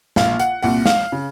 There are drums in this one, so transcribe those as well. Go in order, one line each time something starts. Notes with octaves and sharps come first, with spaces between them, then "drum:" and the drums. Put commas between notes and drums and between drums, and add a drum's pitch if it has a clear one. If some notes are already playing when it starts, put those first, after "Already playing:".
A#1 A#2 F5, drum: snare
F#5, drum: hi-hat
C2 A#2 F#5, drum: open hi-hat
F5, drum: snare
C#3